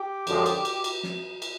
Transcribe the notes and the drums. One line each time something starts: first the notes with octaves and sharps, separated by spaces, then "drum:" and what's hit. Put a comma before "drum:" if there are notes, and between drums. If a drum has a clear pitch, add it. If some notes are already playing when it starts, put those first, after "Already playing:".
Already playing: G4
F#2 D3 F3 G#3, drum: cymbal
drum: cymbal
drum: cymbal
drum: cymbal
drum: snare
drum: cymbal